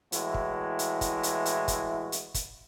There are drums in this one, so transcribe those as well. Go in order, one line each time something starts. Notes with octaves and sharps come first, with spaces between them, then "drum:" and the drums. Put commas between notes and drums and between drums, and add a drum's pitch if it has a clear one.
A2 E3 G#3 E4 F#4, drum: hi-hat
drum: kick
drum: hi-hat
drum: kick, hi-hat
drum: hi-hat
drum: hi-hat
drum: kick, hi-hat
drum: hi-hat
drum: kick, hi-hat